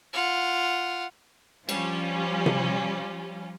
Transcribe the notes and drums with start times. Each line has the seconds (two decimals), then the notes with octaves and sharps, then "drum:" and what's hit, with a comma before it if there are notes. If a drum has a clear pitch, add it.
0.13 F4 F#5
1.69 F3 G3 C#4 F4, drum: cymbal
2.46 drum: tom C3